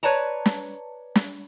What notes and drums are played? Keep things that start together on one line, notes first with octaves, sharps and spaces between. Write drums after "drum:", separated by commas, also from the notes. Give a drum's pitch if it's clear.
B4 C#5 D5 A5 A#5
drum: snare
drum: snare